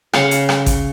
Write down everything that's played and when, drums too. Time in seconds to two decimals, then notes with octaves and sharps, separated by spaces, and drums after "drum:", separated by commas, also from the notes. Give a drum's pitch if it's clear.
0.13 C#3 F5 F#5, drum: rim click
0.31 drum: hi-hat
0.49 drum: rim click
0.66 drum: kick G#1, hi-hat